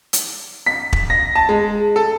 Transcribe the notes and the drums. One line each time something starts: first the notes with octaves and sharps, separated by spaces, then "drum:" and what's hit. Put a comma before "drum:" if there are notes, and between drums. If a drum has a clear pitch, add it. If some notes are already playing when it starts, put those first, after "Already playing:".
drum: hi-hat
B6
drum: kick
A#6
A5
G#3
A4